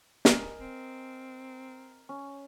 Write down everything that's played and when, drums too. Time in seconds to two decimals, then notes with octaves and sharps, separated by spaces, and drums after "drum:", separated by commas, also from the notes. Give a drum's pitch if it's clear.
0.25 A#4 D#5 G#5, drum: snare
0.60 C4
2.09 C#4